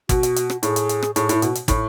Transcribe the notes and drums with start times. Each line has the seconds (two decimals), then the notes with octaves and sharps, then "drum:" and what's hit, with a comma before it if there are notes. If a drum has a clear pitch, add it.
0.09 B2 F#4, drum: kick, hi-hat
0.23 drum: hi-hat
0.36 drum: hi-hat
0.50 drum: rim click
0.63 A2 G#4, drum: hi-hat
0.76 drum: hi-hat
0.89 drum: hi-hat
1.02 drum: rim click
1.16 A2 G#4, drum: hi-hat
1.29 A2 E4, drum: hi-hat
1.42 B2, drum: hi-hat
1.55 drum: hi-hat
1.68 A2 E4, drum: kick, hi-hat